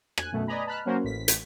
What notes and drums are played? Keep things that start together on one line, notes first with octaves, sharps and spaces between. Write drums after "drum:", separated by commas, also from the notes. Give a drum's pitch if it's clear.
G#5 F#6, drum: rim click
F#2 B2 A3
B4 D5 D#5 G#5 A#5 B5
A5 B5 F6 F#6
F#3 A#3 C#4 F#4 A#4 C5
A1 B6
drum: hi-hat